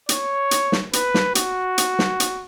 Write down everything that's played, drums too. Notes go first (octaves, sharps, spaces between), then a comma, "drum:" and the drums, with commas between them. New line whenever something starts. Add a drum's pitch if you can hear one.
C#5, drum: hi-hat
drum: hi-hat
drum: snare
B4, drum: hi-hat
drum: snare
F#4, drum: hi-hat
drum: hi-hat
drum: snare
drum: hi-hat